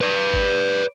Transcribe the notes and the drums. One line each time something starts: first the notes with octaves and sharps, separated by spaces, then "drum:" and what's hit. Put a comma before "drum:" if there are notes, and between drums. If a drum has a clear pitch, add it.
B4 D5
drum: kick G1